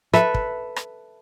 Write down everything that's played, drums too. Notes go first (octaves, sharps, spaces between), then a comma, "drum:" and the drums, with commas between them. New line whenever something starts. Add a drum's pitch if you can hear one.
A4 B4 E5, drum: rim click
drum: kick
drum: rim click